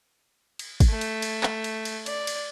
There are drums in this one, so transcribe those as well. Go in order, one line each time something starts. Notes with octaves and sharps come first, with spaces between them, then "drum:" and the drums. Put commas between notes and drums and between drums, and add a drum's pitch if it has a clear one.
drum: cymbal
drum: kick, cymbal
A3
drum: cymbal
drum: cymbal
drum: clap
drum: cymbal
drum: cymbal
D5, drum: cymbal
drum: cymbal